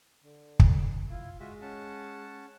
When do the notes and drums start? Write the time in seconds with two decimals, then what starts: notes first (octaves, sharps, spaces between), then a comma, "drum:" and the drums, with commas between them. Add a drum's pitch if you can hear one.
0.24 D3
0.59 drum: kick
1.10 E4 F4
1.40 G#3 F4 F#4 E5
1.61 C#4 F#5 A5